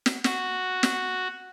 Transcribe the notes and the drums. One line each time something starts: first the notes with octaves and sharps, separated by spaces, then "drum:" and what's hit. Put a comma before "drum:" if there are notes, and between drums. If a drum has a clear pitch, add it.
drum: snare
F#4, drum: snare
drum: snare